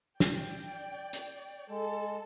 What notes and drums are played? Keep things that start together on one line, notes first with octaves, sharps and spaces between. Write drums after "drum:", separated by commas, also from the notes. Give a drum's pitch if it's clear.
D5 G5, drum: snare
drum: hi-hat
G#3 A4